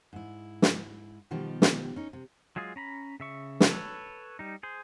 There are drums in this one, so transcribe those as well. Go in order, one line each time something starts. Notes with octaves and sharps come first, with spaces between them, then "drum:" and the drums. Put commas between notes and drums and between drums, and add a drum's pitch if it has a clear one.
G#2 E4
drum: snare
B2 D#3 F3 G3 G4
drum: snare
C#4 D#4
C3
F#3 G#3 F4 G#4
C#4 A#5 B5
C#3 E5 C#6
drum: snare
A4 B4 C#5
G3 D#4
G#4 C5